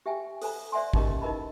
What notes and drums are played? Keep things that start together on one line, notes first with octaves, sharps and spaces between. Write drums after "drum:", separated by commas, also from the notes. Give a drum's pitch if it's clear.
G4 E5 G5 G#5
A4 C5 G#5 A#5, drum: open hi-hat
C5 D5 E5 F#5 G#5 C6
C#4 D#4 G4 A#4 D#5 A#5, drum: kick
D#4 E4 A#4 D#5 A5 B5